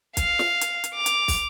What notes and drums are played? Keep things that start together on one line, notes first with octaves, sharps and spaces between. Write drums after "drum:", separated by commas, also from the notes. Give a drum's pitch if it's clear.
F5, drum: kick, hi-hat
drum: snare
drum: hi-hat
drum: hi-hat
D6 F7
drum: hi-hat
drum: kick, open hi-hat